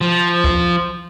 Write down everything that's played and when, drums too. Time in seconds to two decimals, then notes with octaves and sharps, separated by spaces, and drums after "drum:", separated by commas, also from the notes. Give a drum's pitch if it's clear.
0.01 F3
0.44 drum: kick